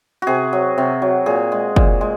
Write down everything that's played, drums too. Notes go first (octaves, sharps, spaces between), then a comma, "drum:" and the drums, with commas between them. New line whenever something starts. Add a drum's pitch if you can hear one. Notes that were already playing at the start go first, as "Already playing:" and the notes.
C3 F#4 G#4
F#3
C3
F#3
A#2 G#4
G#3
A#2, drum: kick
G#3